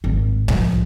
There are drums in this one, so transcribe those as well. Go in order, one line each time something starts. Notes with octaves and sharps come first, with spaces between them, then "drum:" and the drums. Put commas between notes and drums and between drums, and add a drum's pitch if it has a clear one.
G#1 D#3
A2 F3, drum: tom C2